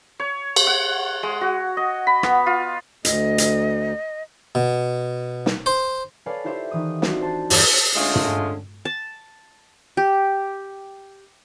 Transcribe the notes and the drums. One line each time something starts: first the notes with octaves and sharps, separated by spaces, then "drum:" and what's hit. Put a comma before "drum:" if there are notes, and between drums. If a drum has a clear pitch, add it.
C#5
drum: cymbal
F#5
G#3
F#4
D#5
B5
B3, drum: rim click
F4
D2 D#5, drum: hi-hat
drum: hi-hat
B2
drum: snare
C5 C6
A4 B4 C#5 D5 F5 G#5
E4 F4 G4 C5 E5
D#3 E3 D#6
C4 D4 F4 F#4, drum: snare
C5 A5
E2 G2 G3 C5 D5 A6, drum: open hi-hat
D3 G#3 A3 C#4 F4
drum: tom
A5
G4